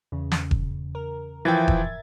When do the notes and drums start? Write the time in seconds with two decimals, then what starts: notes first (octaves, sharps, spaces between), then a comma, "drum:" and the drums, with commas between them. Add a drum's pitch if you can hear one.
0.12 E2 C#3
0.32 drum: snare
0.51 drum: kick E1
0.95 A#4
1.45 E3 F3 E5 G5 G#6 A6
1.68 drum: kick E1